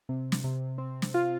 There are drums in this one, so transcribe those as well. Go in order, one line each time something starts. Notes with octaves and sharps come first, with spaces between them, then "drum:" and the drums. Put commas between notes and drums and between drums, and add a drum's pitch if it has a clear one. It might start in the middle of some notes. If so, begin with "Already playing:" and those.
C3
drum: snare
C3
C4
drum: snare
F4